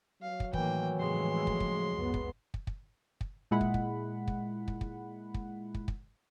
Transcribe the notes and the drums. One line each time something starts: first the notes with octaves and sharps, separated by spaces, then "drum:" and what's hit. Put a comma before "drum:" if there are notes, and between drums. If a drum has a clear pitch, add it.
F#3 F5
drum: kick
A2 D#3 E3 A#3 G5, drum: kick
F2 A2 C#3 G#3 C6
drum: kick
drum: kick
C#2 F#2 B3
drum: kick
drum: kick
drum: kick
drum: kick
A#2 G#3 E4 F#5 B5
drum: kick
drum: kick
drum: kick
drum: kick
drum: kick
drum: kick
drum: kick
drum: kick